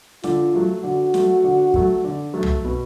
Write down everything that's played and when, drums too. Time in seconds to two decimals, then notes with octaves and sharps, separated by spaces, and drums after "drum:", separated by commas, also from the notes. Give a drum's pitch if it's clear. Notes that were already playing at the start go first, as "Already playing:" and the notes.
0.23 D3 F4, drum: snare
0.54 F#3 A3
0.84 D3 F#4
1.14 F#3 A3, drum: snare
1.44 D3
1.74 F#3 A3, drum: kick
2.04 D3
2.34 F#3 A3
2.43 drum: tom
2.64 B2